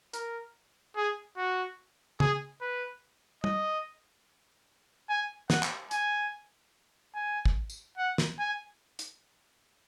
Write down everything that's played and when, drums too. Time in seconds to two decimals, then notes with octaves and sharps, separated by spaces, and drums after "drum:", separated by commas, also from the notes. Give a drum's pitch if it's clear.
0.14 A#4, drum: hi-hat
0.96 G#4
1.37 F#4
2.20 G#4, drum: tom
2.61 B4
3.44 D#5, drum: tom
5.09 G#5
5.50 F#5, drum: snare
5.63 drum: clap
5.91 G#5, drum: hi-hat
7.15 G#5
7.45 drum: kick
7.70 drum: tambourine
7.97 F#5
8.18 drum: snare
8.39 G#5
8.99 drum: hi-hat